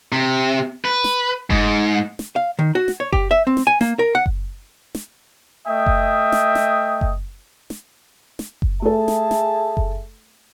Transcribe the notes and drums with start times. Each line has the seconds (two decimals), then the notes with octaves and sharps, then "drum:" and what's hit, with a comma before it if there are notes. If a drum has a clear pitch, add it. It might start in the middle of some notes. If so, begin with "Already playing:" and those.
0.12 C3
0.85 B4
1.04 drum: snare
1.50 G#2, drum: kick F#1
2.19 drum: snare
2.36 F5
2.59 D#3
2.75 F#4
2.88 drum: snare
3.00 C#5
3.13 G4, drum: kick F#1
3.31 E5
3.47 C4
3.57 drum: snare
3.67 G#5
3.81 A#3, drum: snare
3.99 A#4
4.15 F#5
4.26 drum: kick F#1
4.95 drum: snare
5.68 A3 D#5 E5 G5 D#6
5.86 drum: kick F#1
6.32 drum: snare
6.55 drum: snare
7.01 drum: kick F#1
7.70 drum: snare
8.39 drum: snare
8.62 drum: kick F#1
8.82 A3 G#4 A4 E5 A5
9.08 drum: snare
9.31 drum: snare
9.77 drum: kick F#1